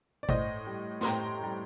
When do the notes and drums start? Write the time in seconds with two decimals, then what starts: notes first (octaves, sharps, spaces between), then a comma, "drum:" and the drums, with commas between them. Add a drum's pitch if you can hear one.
0.23 D5
0.29 A2 C5 D#5, drum: kick
0.67 G3
1.01 C6, drum: snare
1.05 A2 G5 A#5
1.44 G3